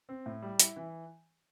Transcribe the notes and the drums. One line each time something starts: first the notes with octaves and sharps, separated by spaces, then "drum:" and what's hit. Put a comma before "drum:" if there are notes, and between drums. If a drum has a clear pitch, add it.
C4
A2
G3
E4, drum: hi-hat
E3